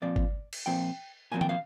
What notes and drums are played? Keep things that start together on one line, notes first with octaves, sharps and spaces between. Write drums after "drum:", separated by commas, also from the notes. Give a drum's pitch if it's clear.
A#2 F3 C4 D5
drum: kick G1
drum: cymbal
A#2 F3 C4 G5
A#2 F3 C4 G#5
G5, drum: tom D#3
F5